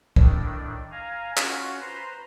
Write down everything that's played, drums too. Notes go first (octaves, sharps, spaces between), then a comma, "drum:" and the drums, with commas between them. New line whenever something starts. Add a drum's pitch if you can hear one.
A2 D#3 D4, drum: kick
F5 G#5 A#5
C#4 F4 F#4, drum: clap
B4 C5 A#5 C6